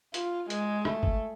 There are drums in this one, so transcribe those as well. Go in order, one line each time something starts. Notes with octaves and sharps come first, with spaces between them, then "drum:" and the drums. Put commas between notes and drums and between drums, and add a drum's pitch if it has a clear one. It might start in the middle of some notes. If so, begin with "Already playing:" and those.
F4, drum: hi-hat
G#3, drum: hi-hat
A3, drum: rim click
drum: kick G1